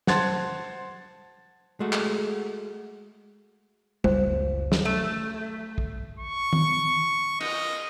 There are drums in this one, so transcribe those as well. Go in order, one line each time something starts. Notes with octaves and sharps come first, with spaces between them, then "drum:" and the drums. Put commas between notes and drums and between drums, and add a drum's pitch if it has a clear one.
C5 F#5 A5 C6 G#6 A6, drum: snare
G#3 A3 F#4
drum: clap
F#1 C#2 C5, drum: tom G3
drum: snare
A3
drum: kick
C#6
drum: tom D#3
D#5, drum: cymbal